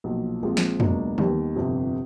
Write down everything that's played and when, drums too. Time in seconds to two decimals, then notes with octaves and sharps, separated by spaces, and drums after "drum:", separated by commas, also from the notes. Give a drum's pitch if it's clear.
0.04 B1 A#2 F3
0.43 A#1 A#2 F3 G#3 C4
0.57 drum: snare
0.80 C#2 B2 F#3 A#3 D4, drum: tom
1.18 D#2 D#3 G3 B3, drum: tom
1.56 G1 F2 C3